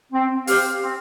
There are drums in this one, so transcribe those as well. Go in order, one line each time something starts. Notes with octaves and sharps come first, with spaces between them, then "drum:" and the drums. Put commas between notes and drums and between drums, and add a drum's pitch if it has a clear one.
C4
G4 C5 F5, drum: open hi-hat
C4